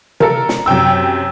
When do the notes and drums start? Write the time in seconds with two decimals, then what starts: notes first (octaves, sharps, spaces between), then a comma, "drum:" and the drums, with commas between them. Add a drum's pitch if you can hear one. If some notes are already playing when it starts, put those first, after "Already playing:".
0.20 A4 A#4, drum: tom C3
0.49 drum: snare
0.66 F#2 C3 G5 E6